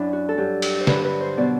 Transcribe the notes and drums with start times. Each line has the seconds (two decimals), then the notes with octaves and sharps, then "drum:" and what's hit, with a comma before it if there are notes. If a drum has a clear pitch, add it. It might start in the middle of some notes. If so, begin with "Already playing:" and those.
Already playing: F#2 F#3 D4 E4
0.13 F#4
0.29 A4
0.38 G2 F#3 G4
0.62 drum: cymbal
0.81 C5
0.87 G2 D3 F#3 B4, drum: snare
1.04 B4
1.20 C5
1.37 B2 F#3 D5